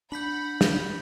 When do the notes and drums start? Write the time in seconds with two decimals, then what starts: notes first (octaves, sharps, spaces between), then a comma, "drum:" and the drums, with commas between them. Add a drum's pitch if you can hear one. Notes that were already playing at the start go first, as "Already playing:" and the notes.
0.12 D4 F#5 B5 G6 B6 F#7
0.61 drum: snare